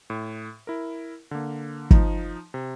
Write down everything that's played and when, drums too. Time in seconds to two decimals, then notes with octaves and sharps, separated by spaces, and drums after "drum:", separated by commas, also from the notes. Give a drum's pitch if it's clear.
0.10 A2
0.67 E4 A#4
1.31 D3 A#3
1.91 F3 D#4, drum: kick
2.54 C3